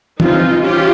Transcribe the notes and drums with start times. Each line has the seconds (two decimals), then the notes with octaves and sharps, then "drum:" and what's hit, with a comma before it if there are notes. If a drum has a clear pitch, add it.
0.20 E3 G3 C4 D#4 F4, drum: tom
0.63 C#4 F4 G4